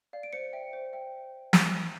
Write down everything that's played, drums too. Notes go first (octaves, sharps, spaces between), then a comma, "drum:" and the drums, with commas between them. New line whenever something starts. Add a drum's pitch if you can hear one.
D5 F5
D7
C5 C#7
E5 G5
C5
E5 G5
drum: snare